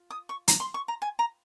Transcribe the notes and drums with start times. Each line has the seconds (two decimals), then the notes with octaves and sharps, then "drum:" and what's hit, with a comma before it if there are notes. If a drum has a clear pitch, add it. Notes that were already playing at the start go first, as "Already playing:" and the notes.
Already playing: F4
0.10 D#6
0.29 C#6
0.48 A#5, drum: hi-hat
0.60 C6
0.74 C#6
0.88 A#5
1.02 G#5
1.19 A#5